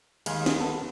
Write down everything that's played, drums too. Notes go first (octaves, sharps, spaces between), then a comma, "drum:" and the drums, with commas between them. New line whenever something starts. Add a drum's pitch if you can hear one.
D#2 G#3 F5 G#5, drum: cymbal
drum: snare
B3 A4